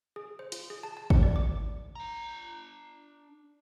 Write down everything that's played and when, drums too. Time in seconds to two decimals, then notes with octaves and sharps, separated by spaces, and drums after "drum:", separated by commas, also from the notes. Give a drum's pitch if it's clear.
0.16 G#4
0.39 C5
0.52 F4, drum: hi-hat
0.70 G#4
0.83 A5
0.97 A5
1.10 C#7, drum: kick G#1
1.23 D5
1.36 D6
1.95 D4 A#5